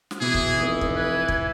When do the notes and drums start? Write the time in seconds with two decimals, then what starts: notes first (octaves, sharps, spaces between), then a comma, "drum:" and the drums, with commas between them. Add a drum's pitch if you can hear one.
0.11 drum: snare
0.21 B2 E3 G#4
0.34 drum: kick
0.58 F1 D#6
0.81 drum: kick
0.96 B4 G#6
1.28 drum: kick